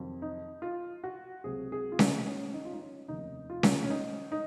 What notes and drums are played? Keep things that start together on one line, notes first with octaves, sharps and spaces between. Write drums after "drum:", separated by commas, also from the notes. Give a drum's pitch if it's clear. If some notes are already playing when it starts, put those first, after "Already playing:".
Already playing: F2 C3 D#3 F#3
D#4
F4
F#4
C#2 C3 F#3 G#4
G#4
F4
D#4, drum: snare C#4
C#4
D#4
F4
D#4
C#4
F1 D#2 D#3 D#4
F4
drum: snare C#4
C#4
D#4
D#4